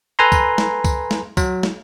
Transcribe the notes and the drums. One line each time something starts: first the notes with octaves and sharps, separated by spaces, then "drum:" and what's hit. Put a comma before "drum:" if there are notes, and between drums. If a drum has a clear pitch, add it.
A4 B4 G#5 A#5 C6
drum: kick C2, tambourine
drum: snare
drum: kick C2, tambourine
drum: snare
F#3, drum: kick C2, tambourine
drum: snare